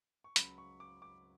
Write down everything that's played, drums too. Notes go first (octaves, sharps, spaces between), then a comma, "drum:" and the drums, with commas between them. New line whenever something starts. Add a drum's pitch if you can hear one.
C#6
C#2 C#3 F#3 B5, drum: hi-hat
C#6
D6
D6